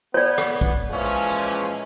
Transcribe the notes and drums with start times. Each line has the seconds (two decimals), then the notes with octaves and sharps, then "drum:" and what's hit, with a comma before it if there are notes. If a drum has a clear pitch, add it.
0.14 B3 C#5 D5
0.38 drum: rim click
0.61 drum: kick
0.91 A#2 E3 F3 G#3 C#4